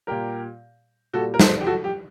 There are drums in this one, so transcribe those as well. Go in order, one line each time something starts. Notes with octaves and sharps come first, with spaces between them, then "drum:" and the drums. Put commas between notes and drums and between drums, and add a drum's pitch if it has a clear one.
A#2 G3 G4 A#4
A#2 G3 F#4 A4
A#4
A4 C5, drum: snare
G4
F#4 A4
G4